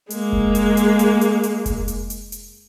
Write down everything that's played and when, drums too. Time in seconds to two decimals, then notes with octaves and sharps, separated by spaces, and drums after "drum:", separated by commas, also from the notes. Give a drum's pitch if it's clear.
0.10 G#3 A#3, drum: hi-hat
0.33 drum: kick F1
0.55 drum: hi-hat
0.77 drum: hi-hat
0.99 drum: hi-hat
1.21 drum: hi-hat
1.43 drum: hi-hat
1.66 drum: kick F1, hi-hat
1.88 drum: hi-hat
2.10 drum: hi-hat
2.32 drum: hi-hat